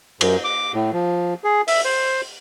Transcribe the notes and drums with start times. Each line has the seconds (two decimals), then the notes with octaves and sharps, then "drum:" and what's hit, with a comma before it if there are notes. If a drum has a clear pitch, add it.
0.21 F#2, drum: cymbal
0.44 D6
0.74 A2
0.93 F3
1.44 G#4
1.68 E5, drum: open hi-hat
1.85 C5